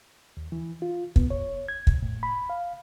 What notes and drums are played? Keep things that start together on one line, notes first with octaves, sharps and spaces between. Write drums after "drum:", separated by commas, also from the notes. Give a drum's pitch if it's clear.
D#2
E3
F4
B3, drum: kick
C#5
G#6
drum: kick
A2
B5
F5